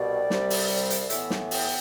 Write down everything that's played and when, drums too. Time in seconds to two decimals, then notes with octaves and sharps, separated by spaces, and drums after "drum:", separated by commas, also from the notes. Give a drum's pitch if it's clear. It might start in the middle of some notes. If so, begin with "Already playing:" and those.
Already playing: C2 B2 G3 D5
0.30 C2 C3 G3, drum: snare
0.50 drum: open hi-hat
0.90 drum: hi-hat
1.10 A2 E3 B3 E5, drum: hi-hat
1.30 drum: snare
1.51 G5, drum: open hi-hat